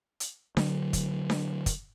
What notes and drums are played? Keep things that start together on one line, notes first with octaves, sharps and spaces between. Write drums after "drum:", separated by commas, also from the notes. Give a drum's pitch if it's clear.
drum: hi-hat
D3 F#3, drum: snare D4
drum: kick, hi-hat
drum: snare D4
drum: kick, hi-hat